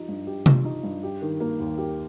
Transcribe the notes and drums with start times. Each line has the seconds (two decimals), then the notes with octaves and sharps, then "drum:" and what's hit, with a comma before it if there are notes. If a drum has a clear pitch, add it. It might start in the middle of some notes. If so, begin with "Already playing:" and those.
Already playing: F3 D#4 G4
0.08 G2
0.27 G4
0.46 F3, drum: tom C3
0.65 D#4
0.83 G2
1.03 G4
1.22 D#3
1.40 A#3
1.60 D#2
1.78 G4